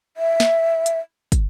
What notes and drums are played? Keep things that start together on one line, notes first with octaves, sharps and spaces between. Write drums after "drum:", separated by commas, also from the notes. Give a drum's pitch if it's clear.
E5
drum: snare
drum: hi-hat
drum: kick, hi-hat